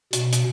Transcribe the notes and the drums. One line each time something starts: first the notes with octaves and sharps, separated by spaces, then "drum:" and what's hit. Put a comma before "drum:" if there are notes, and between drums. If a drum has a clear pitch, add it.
B2, drum: hi-hat
drum: hi-hat